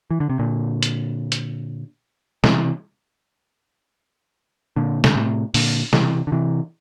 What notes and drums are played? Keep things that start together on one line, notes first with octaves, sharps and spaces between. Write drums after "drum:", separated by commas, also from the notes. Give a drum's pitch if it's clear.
E3
D3
C3
A#2 D3
drum: hi-hat
drum: hi-hat
C3 E3, drum: snare
A#2 D3
D3, drum: snare
A2 C3
A#2 D3, drum: open hi-hat
C3 E3, drum: snare
D3
C3 E3